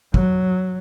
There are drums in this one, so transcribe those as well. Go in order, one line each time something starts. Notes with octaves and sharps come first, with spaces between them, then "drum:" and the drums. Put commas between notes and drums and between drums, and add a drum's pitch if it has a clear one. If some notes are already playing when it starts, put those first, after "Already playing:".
F#3, drum: kick